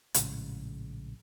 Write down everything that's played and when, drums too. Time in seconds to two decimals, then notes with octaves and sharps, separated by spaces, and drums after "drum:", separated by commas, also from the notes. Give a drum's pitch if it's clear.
0.14 A#1 A2 C#3 G#3, drum: hi-hat